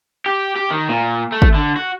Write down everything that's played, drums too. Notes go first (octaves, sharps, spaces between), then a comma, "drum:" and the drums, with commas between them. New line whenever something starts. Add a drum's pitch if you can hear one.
G4
G4
D#3
A#2
A3
drum: kick
D3
F#4